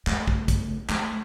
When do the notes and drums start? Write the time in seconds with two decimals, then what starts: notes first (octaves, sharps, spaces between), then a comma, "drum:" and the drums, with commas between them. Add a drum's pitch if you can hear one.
0.07 A3, drum: clap
0.28 drum: kick
0.48 drum: kick, hi-hat
0.89 A3, drum: clap